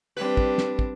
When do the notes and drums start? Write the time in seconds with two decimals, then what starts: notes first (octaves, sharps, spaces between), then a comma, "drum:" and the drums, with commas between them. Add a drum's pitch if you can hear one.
0.17 G3 C4 D4 B4
0.37 drum: kick
0.58 drum: snare
0.79 drum: kick